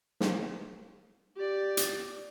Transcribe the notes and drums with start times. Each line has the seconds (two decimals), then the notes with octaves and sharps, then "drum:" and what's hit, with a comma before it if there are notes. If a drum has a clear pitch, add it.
0.20 drum: snare
1.36 G4 D5
1.77 drum: hi-hat